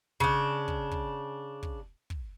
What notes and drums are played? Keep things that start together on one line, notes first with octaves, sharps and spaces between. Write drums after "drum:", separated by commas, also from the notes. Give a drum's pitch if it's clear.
C#3 D4, drum: kick
drum: kick
drum: kick
drum: kick
drum: kick